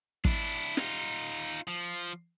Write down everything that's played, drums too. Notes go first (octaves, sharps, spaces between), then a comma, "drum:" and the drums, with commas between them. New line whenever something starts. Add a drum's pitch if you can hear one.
D4 E4, drum: kick
D#4 F4, drum: snare
F3